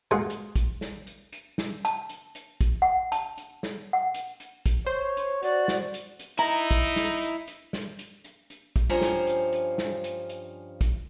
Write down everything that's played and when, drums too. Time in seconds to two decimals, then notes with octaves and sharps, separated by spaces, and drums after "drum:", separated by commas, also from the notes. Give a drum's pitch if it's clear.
0.11 B2 G#3 F4 G#4 F#5
0.30 drum: hi-hat
0.56 drum: kick, hi-hat
0.81 drum: snare
1.07 drum: hi-hat
1.32 drum: hi-hat
1.58 drum: snare
1.85 A5, drum: hi-hat
2.09 drum: hi-hat
2.35 drum: hi-hat
2.61 drum: kick, hi-hat
2.82 F#5
3.12 A5, drum: hi-hat
3.37 drum: hi-hat
3.63 drum: snare
3.93 F#5
4.14 drum: hi-hat
4.40 drum: hi-hat
4.66 drum: kick, hi-hat
4.86 C5 C#5
5.17 drum: hi-hat
5.43 F#4 D5, drum: hi-hat
5.68 drum: snare
5.94 drum: hi-hat
6.19 drum: hi-hat
6.39 D#4 E4 A#5
6.71 drum: kick, hi-hat
6.96 drum: snare
7.22 drum: hi-hat
7.48 drum: hi-hat
7.73 drum: snare
7.99 drum: hi-hat
8.24 drum: hi-hat
8.50 drum: hi-hat
8.76 drum: kick, hi-hat
8.90 G2 F3 C#4 C5 G#5 A#5
9.01 drum: snare
9.27 drum: hi-hat
9.53 drum: hi-hat
9.78 drum: snare
10.04 drum: hi-hat
10.29 drum: hi-hat
10.81 drum: kick, hi-hat